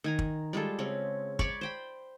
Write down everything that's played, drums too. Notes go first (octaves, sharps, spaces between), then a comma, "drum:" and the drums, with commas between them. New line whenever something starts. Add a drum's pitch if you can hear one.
D#3 G#5 A#5
drum: kick
G3 G#3 F4 A4
C#3 C4 C#4
C#5 D5 B5 C#6, drum: kick
C5 G5 B5